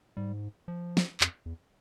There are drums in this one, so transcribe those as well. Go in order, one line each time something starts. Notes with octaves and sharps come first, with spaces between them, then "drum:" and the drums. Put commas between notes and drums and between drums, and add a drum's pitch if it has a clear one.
G#2 G3
F3
drum: snare
F2, drum: clap
E2